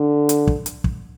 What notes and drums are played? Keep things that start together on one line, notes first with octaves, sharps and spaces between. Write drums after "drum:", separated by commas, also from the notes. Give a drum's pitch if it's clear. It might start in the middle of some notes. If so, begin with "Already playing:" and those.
Already playing: D3
drum: hi-hat
drum: kick
drum: hi-hat
drum: kick